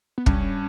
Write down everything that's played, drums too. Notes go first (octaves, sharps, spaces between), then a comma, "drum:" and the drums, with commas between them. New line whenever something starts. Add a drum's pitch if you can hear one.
B3
G2 C#4, drum: kick